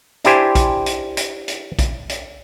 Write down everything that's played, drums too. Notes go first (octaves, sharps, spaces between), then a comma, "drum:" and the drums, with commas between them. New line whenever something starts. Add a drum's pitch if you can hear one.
D4 E4 G4 C5 G#5, drum: hi-hat
drum: kick A#1, hi-hat
drum: hi-hat
drum: hi-hat
drum: hi-hat
drum: kick A#1, hi-hat
drum: hi-hat